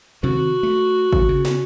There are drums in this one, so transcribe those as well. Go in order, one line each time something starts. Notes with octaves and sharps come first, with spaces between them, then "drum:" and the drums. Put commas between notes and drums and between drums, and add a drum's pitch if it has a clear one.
C3 D#3 F3 F#4
A3
drum: kick G#1
C#3
drum: snare